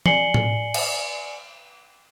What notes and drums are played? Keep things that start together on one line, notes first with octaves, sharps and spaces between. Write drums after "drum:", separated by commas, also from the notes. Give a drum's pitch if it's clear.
D5 G#5 C7 C#7 F#7 G7, drum: tom
drum: tom A2
drum: cymbal